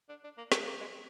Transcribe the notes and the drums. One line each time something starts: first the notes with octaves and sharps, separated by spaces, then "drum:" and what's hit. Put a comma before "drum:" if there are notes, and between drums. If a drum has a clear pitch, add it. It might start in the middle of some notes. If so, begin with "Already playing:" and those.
D4
D4
A#3
B3, drum: snare
A#3
G#3